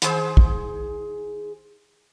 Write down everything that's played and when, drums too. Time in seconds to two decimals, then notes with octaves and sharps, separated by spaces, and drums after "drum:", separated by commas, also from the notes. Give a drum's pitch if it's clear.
0.02 D#3 G#4 C5, drum: hi-hat
0.37 drum: kick